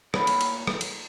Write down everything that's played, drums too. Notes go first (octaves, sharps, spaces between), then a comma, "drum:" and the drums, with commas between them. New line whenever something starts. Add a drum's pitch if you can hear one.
A2 A#3 A#4 C#5 B5, drum: rim click
drum: cymbal
drum: cymbal
drum: rim click
drum: cymbal